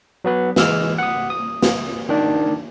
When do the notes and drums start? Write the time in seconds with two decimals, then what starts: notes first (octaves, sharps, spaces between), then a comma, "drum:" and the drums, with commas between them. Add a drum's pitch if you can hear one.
0.24 F#3 B3 B4
0.56 E3 G#3 E6 F6, drum: snare
0.98 F#5 D#6
1.30 D#6
1.62 drum: snare
2.09 D#3 D4